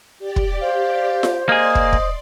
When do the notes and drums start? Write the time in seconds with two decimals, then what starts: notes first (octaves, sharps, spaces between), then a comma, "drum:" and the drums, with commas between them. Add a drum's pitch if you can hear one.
0.19 G4 D5
0.36 drum: kick
0.61 C5 F5
1.23 drum: snare F4
1.49 A#3 G#4 D5 D#5 C6
1.75 drum: kick
1.93 drum: kick